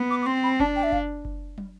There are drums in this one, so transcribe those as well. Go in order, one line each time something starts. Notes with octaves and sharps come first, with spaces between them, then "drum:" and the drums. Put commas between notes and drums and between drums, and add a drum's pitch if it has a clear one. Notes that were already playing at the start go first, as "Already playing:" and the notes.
Already playing: B3
D6
D6
C4 C6
B5
D4 A5, drum: kick F#1
G5
E5
F5, drum: kick F#1
drum: kick F#1
drum: tom